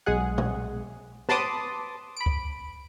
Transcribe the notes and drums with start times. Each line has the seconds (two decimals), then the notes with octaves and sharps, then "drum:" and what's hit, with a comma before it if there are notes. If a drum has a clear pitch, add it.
0.06 B1 G#3 G#4 F#5
0.38 drum: tom A#2
1.29 B4 A5 B5 C6 D6 D#6, drum: snare
2.17 B5 D7
2.26 drum: kick C#2